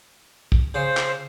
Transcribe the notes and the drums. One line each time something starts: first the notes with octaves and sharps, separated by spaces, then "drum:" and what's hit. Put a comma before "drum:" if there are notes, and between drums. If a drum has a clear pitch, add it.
drum: kick
C#3 C5
drum: clap